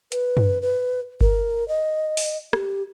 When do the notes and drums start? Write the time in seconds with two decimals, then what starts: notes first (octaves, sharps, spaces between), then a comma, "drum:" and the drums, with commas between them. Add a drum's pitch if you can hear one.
0.12 B4, drum: hi-hat
0.37 drum: tom F#2
0.62 B4
1.21 A#4, drum: kick G1
1.68 D#5
2.17 drum: open hi-hat
2.53 G4, drum: rim click